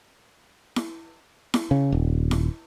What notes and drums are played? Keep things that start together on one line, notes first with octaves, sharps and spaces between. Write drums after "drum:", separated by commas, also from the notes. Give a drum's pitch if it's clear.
drum: snare E4
drum: snare E4
C#3
D#1
drum: snare E4